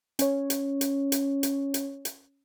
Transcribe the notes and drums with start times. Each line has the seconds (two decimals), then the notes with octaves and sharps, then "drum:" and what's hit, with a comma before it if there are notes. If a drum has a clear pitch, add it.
0.19 C#4 C#5, drum: hi-hat
0.50 drum: hi-hat
0.81 drum: hi-hat
1.12 drum: hi-hat
1.43 drum: hi-hat
1.74 drum: hi-hat
2.05 drum: hi-hat